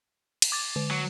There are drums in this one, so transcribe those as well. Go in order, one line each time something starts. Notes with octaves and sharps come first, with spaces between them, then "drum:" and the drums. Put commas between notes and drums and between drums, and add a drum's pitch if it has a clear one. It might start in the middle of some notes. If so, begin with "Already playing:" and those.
drum: cymbal
D6 A6
D3
F#3